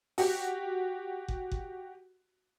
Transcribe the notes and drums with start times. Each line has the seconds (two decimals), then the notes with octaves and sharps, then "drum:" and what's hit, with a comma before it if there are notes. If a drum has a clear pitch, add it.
0.18 F#4 G4, drum: open hi-hat
1.28 drum: kick F#1
1.52 drum: kick F#1